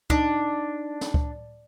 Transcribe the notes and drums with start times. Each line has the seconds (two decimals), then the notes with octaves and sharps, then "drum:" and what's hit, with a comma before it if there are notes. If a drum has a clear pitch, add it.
0.10 D4 D#4, drum: kick C#2
1.01 drum: snare
1.14 drum: kick C#2